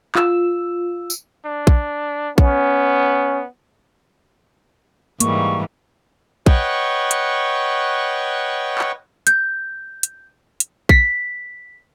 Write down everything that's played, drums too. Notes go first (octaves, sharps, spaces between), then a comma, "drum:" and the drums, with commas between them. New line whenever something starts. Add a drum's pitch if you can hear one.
F4 E6, drum: clap
drum: tambourine
D4
drum: kick A#1
B3 C#4, drum: kick A#1
G#2 E3 G3 A#3 C#6, drum: hi-hat
B4 C#5 D#5 F#5 G5 C#6, drum: kick A#1
drum: hi-hat
drum: clap
G6, drum: hi-hat
drum: hi-hat
drum: hi-hat
B6, drum: kick A#1